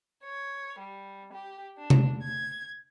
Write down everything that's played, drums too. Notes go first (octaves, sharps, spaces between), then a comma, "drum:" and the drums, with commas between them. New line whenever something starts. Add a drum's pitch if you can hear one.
C#5
G3
G4
D4
drum: tom C3
G#6